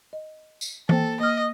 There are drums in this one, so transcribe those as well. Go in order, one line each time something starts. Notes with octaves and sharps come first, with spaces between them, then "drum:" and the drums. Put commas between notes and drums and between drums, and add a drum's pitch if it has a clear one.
D#5
drum: tambourine
A#3 A4 C5 G5, drum: tom E3
A#3 D#5 F6